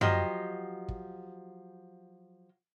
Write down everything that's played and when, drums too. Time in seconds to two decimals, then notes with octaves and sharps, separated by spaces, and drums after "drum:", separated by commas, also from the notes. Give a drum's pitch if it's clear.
0.01 F3 F#3 G4 D#5, drum: tom F#2
0.88 drum: kick